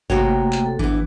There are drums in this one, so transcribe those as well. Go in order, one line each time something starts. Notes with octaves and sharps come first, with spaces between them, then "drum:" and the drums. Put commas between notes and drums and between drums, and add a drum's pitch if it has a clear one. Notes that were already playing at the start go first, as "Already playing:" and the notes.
C3 A3 A#3 F#4 C#5 G5, drum: kick G#1
drum: clap
A4
E3 B3 D4, drum: kick G#1